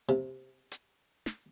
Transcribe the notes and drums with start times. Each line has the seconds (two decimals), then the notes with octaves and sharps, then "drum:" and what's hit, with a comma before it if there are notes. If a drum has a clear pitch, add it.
0.09 C3
0.72 drum: hi-hat
1.26 drum: snare